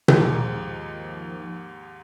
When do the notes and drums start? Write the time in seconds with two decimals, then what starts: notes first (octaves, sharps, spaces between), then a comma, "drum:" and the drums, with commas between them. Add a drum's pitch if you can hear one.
0.08 D#2 G#2 D#3 F3, drum: tom B2